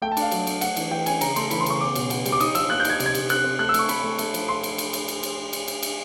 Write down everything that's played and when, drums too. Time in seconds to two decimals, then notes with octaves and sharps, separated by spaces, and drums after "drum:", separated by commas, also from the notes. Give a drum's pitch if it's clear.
0.02 A3 G5
0.12 A5
0.17 D4, drum: cymbal
0.22 F5
0.32 F#3, drum: cymbal
0.47 A3, drum: cymbal
0.61 A3 F#5, drum: cymbal
0.76 E3, drum: cymbal
0.91 E3 G5
1.06 C#4 G#5, drum: cymbal
1.21 C#3 A#5, drum: cymbal
1.36 A3 C6, drum: cymbal
1.51 E3 B5, drum: cymbal
1.61 C6
1.66 C#3 C#6, drum: cymbal
1.81 B3 D6
1.95 B2, drum: cymbal
2.10 B2, drum: cymbal
2.26 G3, drum: cymbal
2.32 D6
2.40 D#4 D#6, drum: cymbal
2.55 F3 E6, drum: cymbal
2.70 A#3 F#6
2.80 G6
2.85 D#4 G#6, drum: cymbal
3.00 C3, drum: cymbal
3.06 G#6
3.15 C3, drum: cymbal
3.29 C4 F#6, drum: cymbal
3.44 C4
3.59 A3 F#6
3.69 E6
3.74 A3, drum: cymbal
3.79 C#6
3.89 A3 B5, drum: cymbal
4.04 A3
4.19 A3, drum: cymbal
4.34 F3, drum: cymbal
4.49 F3 C6
4.63 drum: cymbal
4.78 drum: cymbal
4.93 drum: cymbal
5.08 drum: cymbal
5.23 drum: cymbal
5.53 drum: cymbal
5.68 drum: cymbal
5.83 drum: cymbal